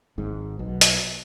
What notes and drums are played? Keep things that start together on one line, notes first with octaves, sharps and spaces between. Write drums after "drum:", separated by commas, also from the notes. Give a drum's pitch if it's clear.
G#1 G#2
B1 B2
drum: hi-hat